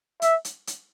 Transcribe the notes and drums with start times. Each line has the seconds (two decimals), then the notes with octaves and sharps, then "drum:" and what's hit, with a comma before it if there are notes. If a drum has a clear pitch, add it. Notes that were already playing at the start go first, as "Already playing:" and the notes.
0.22 E5, drum: hi-hat
0.45 drum: hi-hat
0.67 drum: hi-hat